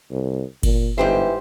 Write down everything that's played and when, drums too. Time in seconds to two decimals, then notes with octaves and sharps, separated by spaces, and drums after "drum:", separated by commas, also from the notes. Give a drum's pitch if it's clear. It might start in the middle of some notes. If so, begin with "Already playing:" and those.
0.11 C2
0.63 A#2, drum: kick G1, cymbal
0.98 G1 G#2 E3 G4 C5